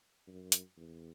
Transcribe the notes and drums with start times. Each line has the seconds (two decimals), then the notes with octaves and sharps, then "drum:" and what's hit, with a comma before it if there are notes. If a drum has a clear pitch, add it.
0.27 F#2
0.52 drum: hi-hat
0.77 E2